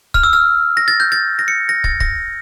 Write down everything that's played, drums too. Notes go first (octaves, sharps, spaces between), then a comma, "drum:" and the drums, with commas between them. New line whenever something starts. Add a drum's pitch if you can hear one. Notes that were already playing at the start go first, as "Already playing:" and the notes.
F6, drum: kick
E6
F6
A#6
A6
G6
A6
A#6
C#7
A#6
A6, drum: kick
A#6, drum: kick